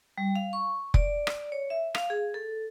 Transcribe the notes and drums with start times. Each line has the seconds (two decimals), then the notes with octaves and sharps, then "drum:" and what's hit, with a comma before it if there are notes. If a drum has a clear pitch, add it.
0.18 G3
0.36 F5
0.53 C#6
0.94 D5, drum: kick F1
1.27 drum: rim click
1.52 C#5
1.70 E5
1.95 F5, drum: rim click
2.10 G#4
2.34 A4